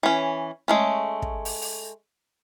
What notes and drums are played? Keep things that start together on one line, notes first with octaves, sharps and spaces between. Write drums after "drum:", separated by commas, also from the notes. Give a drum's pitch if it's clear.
E3 C#4
G#3 A3 C#4
drum: kick
drum: open hi-hat
drum: open hi-hat